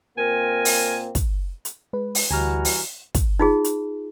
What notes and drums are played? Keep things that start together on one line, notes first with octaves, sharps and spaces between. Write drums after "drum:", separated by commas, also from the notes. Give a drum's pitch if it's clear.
A#2 A#3 C4 A#4 G#5
drum: open hi-hat
drum: kick, hi-hat
drum: hi-hat
G#3 B4
drum: open hi-hat
D2 E3 G3 F#4 G#5 A#5 F6
drum: open hi-hat
drum: kick, hi-hat
D#4 F4 G#4
drum: hi-hat